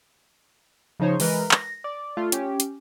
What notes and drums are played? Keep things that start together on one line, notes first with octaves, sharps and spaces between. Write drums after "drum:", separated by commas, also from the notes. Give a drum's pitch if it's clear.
C#3 F3 D#4 C5 C#5
E3 G#3 A#4 B4, drum: open hi-hat
A#6, drum: clap
D5
A3 F4
C#4 G4, drum: hi-hat
drum: hi-hat